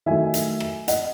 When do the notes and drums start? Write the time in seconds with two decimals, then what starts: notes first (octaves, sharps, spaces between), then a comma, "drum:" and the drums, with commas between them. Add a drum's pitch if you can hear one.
0.06 D#3 F#3 A3 E5 G#5
0.34 drum: hi-hat
0.60 drum: rim click
0.88 D#5 F#5, drum: hi-hat